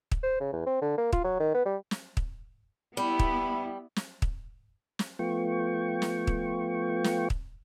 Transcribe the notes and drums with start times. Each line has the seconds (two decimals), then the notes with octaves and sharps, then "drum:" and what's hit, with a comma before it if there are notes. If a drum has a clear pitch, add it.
0.11 drum: kick
0.23 C5
0.40 C#3
0.53 E2
0.66 C4
0.82 D3
0.98 A#3
1.13 F4, drum: kick
1.24 F#3
1.40 D#3
1.54 B3
1.65 G3
1.91 drum: snare
2.17 drum: kick
2.97 G3 B3 E4 B5
3.19 drum: kick
3.96 drum: snare
4.22 drum: kick
4.99 drum: snare
5.19 F3 A3 B3 F4 G5 C#6
6.02 drum: snare
6.27 drum: kick
7.04 drum: snare
7.30 drum: kick